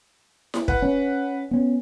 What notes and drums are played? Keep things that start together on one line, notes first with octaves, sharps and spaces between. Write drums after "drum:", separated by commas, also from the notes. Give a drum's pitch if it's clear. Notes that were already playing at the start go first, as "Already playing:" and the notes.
drum: snare E4
B4 F#5, drum: kick
C#4
B3 C#4